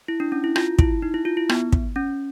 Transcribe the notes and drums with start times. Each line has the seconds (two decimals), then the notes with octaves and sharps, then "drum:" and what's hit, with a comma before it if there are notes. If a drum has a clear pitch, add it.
0.08 E4
0.20 D4
0.32 C#4
0.44 E4
0.56 F4, drum: rim click
0.79 E4, drum: kick
1.02 D#4
1.14 E4
1.25 F4
1.37 E4
1.49 B3, drum: rim click
1.73 drum: kick
1.96 C#4